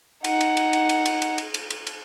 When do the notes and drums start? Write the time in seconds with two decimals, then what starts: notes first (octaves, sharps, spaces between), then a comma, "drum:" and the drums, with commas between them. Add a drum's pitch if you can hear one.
0.24 D#4 F#5, drum: cymbal
0.41 drum: cymbal
0.57 drum: cymbal
0.73 drum: cymbal
0.89 drum: cymbal
1.06 drum: cymbal
1.22 drum: cymbal
1.38 drum: cymbal
1.54 drum: cymbal
1.70 drum: cymbal
1.87 drum: cymbal